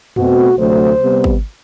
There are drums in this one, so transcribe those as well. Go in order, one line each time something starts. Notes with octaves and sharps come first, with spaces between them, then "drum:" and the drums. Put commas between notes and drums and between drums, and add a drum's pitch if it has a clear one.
B2 A3 C4 F#4, drum: tom
D2 C3 F#3 A3 C5
C3 G3 B3
drum: kick G#1